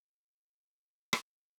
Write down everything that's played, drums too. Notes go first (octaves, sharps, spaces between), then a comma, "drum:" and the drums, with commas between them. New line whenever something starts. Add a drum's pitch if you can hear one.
F#4
drum: rim click